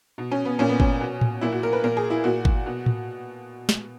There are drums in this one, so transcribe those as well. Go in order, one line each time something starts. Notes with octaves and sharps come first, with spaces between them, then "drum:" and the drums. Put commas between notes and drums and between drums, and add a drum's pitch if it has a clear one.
B2
C#4
B3
A#2 C#4
B3
C#4, drum: kick G1
B2
drum: tom A2
A#2 E4
F#4
A#4
B4
A#2 A#4
G#4
E4
A#2 F#4
drum: kick G1
B2
drum: tom A2
drum: snare